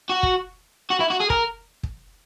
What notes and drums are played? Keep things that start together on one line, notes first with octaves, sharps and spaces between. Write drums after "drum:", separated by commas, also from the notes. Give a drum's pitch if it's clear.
F#4
drum: kick
F#4
E4
F#4
G#4
A#4, drum: kick
drum: kick